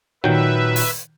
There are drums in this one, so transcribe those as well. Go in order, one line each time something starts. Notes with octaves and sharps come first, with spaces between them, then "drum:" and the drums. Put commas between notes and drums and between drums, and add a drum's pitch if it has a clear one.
A#2 D#3 F#3 B4 E5 G5
drum: open hi-hat